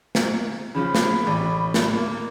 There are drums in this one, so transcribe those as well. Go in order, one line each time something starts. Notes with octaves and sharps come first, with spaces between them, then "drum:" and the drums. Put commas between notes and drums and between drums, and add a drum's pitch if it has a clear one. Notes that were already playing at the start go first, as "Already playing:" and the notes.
drum: snare
C#3 F3 F4 B5
drum: snare
A1
drum: snare
A#3